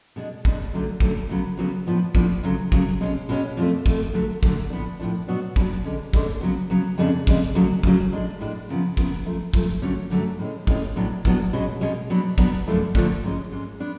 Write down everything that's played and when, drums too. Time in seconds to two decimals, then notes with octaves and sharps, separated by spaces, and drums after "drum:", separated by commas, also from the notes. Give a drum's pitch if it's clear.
0.16 B2 G#3 D4
0.45 B2 G#3 D4, drum: kick
0.73 D2 D3 F#3 A3 C#4
1.00 D2 D3 F#3 A3 C#4, drum: kick
1.30 D2 C#3 F#3 B3
1.57 D2 C#3 F#3 B3
1.87 A2 F3 B3 D4
2.15 A2 F3 B3 D4, drum: kick
2.43 D2 C#3 F#3
2.72 D2 C#3 F#3, drum: kick
3.01 B2 G#3 C#4
3.29 B2 G#3 C#4
3.57 F2 F3 A3
3.86 F2 F3 A3, drum: kick
4.13 D2 D3 F#3 A3
4.43 D2 D3 F#3 A3, drum: kick
4.70 A2 F3 B3 D4
5.00 A2 F3 B3 D4
5.28 B2 F#3 B3 D4
5.56 B2 F#3 B3 D4, drum: kick
5.84 D2 D3 G#3 C#4
6.13 D2 D3 G#3 C#4, drum: kick
6.41 C#3 F#3 B3
6.70 C#3 F#3 B3
6.98 F2 C#3 G#3 D4
7.27 F2 C#3 G#3 D4, drum: kick
7.55 D2 C#3 F#3
7.83 D2 C#3 F#3, drum: kick
8.12 A2 G#3 D4
8.40 A2 G#3 D4
8.69 F#2 C#3 F3 B3
8.97 F#2 C#3 F3 B3, drum: kick
9.25 F#2 F3 A3
9.54 F#2 F3 A3, drum: kick
9.82 F#2 D3 F#3 A3 C#4
10.10 F#2 D3 F#3 A3 C#4
10.39 A2 G#3 C#4
10.67 A2 G#3 C#4, drum: kick
10.96 A2 F#3 B3 D4
11.25 A2 F#3 B3 D4, drum: kick
11.53 B2 G#3 C#4
11.81 B2 G#3 C#4
12.10 B2 F#3 B3 D4
12.38 B2 F#3 B3 D4, drum: kick
12.67 F#2 D3 F3 A3 D4
12.95 F#2 D3 F3 A3 D4, drum: kick
13.23 G#2 G#3 C#4
13.52 G#2 G#3 C#4
13.80 G#3 B3 D4